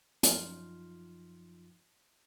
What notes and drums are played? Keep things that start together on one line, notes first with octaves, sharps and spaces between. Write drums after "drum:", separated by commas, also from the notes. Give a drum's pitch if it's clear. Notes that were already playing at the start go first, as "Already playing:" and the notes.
F#2 F3 D#4 F4 C6 F6, drum: hi-hat